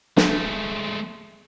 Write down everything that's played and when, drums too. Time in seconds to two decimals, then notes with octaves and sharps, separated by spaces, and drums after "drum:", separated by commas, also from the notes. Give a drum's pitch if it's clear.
0.17 G#3 A3, drum: snare